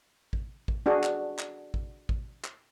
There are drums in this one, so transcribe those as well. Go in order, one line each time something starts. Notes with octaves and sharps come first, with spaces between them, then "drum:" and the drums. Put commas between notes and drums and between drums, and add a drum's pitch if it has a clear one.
drum: kick A1
drum: kick A1
D4 F#4 G#4
drum: clap
drum: clap
drum: kick A1
drum: kick A1
drum: clap